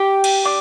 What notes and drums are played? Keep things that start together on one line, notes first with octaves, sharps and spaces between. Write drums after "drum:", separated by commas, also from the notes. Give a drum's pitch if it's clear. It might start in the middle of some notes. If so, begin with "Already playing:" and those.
Already playing: G4 G5
drum: cymbal
D4